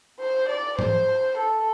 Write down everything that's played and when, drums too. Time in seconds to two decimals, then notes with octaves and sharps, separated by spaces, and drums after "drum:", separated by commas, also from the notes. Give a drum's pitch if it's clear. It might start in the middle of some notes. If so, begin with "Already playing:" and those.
0.20 C5
0.49 D5
0.79 C5, drum: tom
1.38 A4